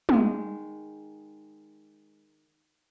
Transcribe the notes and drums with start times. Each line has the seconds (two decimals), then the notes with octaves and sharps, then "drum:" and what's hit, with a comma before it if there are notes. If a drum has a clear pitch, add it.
0.09 D#3 G#3, drum: tom